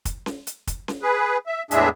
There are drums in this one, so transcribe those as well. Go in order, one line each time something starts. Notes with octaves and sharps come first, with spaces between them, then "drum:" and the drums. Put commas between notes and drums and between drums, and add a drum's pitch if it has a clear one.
drum: kick, hi-hat
drum: snare C#4
drum: hi-hat
drum: kick, hi-hat
drum: snare C#4
G#4 B4
E5
E2 A2 G#3 D4 G#4 E5, drum: hi-hat